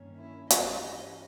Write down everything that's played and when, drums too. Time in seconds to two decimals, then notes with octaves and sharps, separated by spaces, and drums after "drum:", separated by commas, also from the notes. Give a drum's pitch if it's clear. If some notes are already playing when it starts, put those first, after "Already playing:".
Already playing: G2 D#3 A#3 C#4
0.17 E4
0.50 G2 E3 G3 C#4 D#5, drum: hi-hat